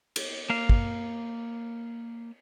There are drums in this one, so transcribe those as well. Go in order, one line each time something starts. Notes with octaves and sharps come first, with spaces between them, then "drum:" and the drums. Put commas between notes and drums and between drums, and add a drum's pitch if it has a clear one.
drum: cymbal
A#3 F5
drum: kick